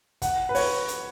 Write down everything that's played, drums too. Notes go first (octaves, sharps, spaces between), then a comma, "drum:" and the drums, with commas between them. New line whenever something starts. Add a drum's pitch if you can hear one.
F#5, drum: kick, hi-hat
B4
C#5, drum: open hi-hat
drum: hi-hat